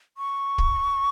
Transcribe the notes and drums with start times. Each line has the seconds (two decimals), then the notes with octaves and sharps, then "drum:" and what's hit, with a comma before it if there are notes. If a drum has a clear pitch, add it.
0.17 C#6
0.58 drum: kick